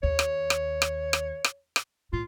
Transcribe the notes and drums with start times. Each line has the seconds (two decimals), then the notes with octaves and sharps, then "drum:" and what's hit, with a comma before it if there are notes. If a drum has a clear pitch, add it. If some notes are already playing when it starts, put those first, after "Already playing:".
0.03 D#2 C#5
0.19 drum: rim click
0.50 drum: rim click
0.82 drum: rim click
1.13 drum: rim click
1.44 drum: rim click
1.76 drum: rim click
2.13 A2 F4